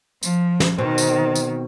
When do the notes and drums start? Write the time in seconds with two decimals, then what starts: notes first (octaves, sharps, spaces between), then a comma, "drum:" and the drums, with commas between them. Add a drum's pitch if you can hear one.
0.23 F3, drum: tambourine
0.60 drum: snare
0.78 B2 D#3 C4
0.98 drum: tambourine
1.35 drum: tambourine